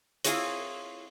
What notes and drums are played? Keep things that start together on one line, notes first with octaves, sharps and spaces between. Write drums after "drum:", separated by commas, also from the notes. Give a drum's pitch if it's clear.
C4 E4 F4 G#4 C#5, drum: hi-hat